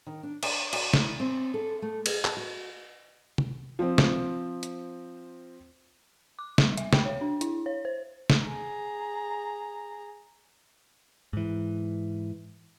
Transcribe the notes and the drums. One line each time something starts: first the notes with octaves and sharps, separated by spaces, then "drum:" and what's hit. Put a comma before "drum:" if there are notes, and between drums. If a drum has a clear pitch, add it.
D#3
D4
C5, drum: cymbal
F#4, drum: cymbal
E4, drum: snare
C4
A4
A3
G#4, drum: cymbal
A5, drum: clap
F#4
drum: tom C3
F3 C4
drum: snare
drum: hi-hat
D6
G3, drum: snare
E5, drum: hi-hat
G5, drum: snare
C#5
D4
E4, drum: hi-hat
C#5
C5
drum: snare
G#4 A#5
G#2 E3